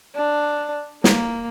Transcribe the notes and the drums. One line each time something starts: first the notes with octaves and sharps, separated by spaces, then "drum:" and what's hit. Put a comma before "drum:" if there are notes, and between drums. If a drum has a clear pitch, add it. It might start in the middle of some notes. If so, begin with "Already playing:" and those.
D4
A#3, drum: snare